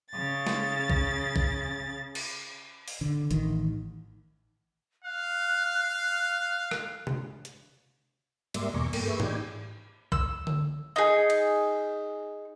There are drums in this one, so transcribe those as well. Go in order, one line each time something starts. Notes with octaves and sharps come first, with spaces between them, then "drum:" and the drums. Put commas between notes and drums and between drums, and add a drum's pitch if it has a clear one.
C#3 A6
drum: snare
drum: kick
drum: kick
drum: cymbal
drum: open hi-hat
D3
A1 D#3, drum: hi-hat
F5 F#6
drum: rim click
drum: tom C3
drum: hi-hat
G#2 G3 A#3 D5 E5 C6, drum: cymbal
E2 B2 G#5 A#5 C#6 D6
G2 A#3 A4 G5 A#5, drum: cymbal
G#4 B4 E5 C#6
D#4 G4 D5 G5 G#5, drum: tom G#2
E6, drum: kick
drum: tom D3
D#4 G#4
drum: cymbal